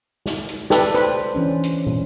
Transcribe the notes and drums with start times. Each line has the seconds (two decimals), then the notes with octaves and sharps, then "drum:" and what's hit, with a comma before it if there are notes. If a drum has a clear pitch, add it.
0.26 drum: snare
0.49 drum: hi-hat
0.70 G4 A4 B4 D5, drum: snare
0.95 B4 C5, drum: hi-hat
1.35 E3 C#4 D4
1.64 drum: hi-hat
1.87 drum: tom